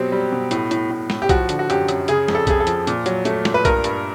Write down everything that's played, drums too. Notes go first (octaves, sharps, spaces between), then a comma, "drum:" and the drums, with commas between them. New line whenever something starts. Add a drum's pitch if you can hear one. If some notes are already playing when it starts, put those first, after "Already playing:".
Already playing: B2 F#3 C4 G4
G3
B2
A2, drum: hi-hat
A2, drum: hi-hat
A2
A2, drum: snare
G4
F3 F#4, drum: kick B1, hi-hat
D3, drum: hi-hat
F#4
F#2 G4, drum: hi-hat
F#2, drum: hi-hat
C#3 G#4, drum: hi-hat
F2, drum: snare
A4
F2 G#4, drum: kick B1, hi-hat
A4
F3, drum: hi-hat
A#2, drum: hi-hat
F#3, drum: hi-hat
A3, drum: hi-hat
A#2, drum: snare
B4
G2 A#4, drum: kick B1, hi-hat
G2, drum: hi-hat